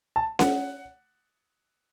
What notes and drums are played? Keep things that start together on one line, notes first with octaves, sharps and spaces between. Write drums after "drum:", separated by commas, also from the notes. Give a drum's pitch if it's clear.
A5
F#5, drum: snare C#4